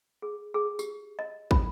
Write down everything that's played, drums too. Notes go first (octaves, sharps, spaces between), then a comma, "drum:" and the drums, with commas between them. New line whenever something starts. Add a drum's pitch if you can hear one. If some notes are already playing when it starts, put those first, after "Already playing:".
G#4
G#4
G4, drum: tambourine
D#5
B5, drum: kick